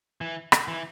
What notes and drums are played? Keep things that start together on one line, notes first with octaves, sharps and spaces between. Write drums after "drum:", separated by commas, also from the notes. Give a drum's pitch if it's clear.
E3
drum: rim click
E3